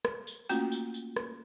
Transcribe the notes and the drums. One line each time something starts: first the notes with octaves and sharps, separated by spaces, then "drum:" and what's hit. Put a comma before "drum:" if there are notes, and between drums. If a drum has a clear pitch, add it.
drum: rim click
drum: tambourine
A3 A#3 C#4 F4 F#4 G5, drum: tambourine
drum: tambourine
drum: tambourine
drum: rim click